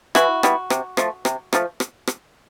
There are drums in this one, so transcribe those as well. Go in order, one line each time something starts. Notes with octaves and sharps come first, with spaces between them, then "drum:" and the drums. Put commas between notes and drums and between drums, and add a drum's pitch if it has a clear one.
E3 E4 F#4, drum: rim click
G3 B3 E4, drum: rim click
C3, drum: rim click
F3 A3, drum: rim click
C3, drum: rim click
F3 A3, drum: rim click
drum: rim click
drum: rim click